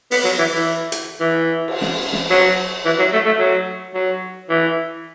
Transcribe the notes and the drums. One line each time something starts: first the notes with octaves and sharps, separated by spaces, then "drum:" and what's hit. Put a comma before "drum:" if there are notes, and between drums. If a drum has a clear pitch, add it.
B3, drum: open hi-hat
F#3
E3
E3
drum: hi-hat
E3
drum: cymbal
drum: snare
drum: snare
F#3
E3
F#3
A3
A3
F#3
F#3
E3